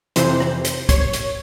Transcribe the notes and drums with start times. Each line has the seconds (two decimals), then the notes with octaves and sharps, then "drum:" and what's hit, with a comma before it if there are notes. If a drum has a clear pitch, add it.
0.16 F2 C3 E3 C5, drum: hi-hat
0.40 drum: rim click
0.65 drum: hi-hat
0.89 C#5, drum: kick, hi-hat
1.13 drum: hi-hat